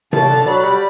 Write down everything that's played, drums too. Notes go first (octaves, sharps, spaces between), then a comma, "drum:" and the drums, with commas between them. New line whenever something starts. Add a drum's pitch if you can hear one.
C#3 A5, drum: tom C3
D3
F#3 B5
G3